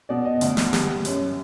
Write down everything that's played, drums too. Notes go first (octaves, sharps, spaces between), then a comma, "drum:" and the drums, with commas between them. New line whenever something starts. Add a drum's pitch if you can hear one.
B2 D5
D#5
D2, drum: hi-hat
drum: snare
G3, drum: snare
F#2, drum: hi-hat